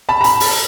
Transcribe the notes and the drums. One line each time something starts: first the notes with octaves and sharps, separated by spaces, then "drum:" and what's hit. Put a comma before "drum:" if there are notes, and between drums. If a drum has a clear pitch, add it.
A5 B5
A#5
A5 B5, drum: hi-hat
drum: open hi-hat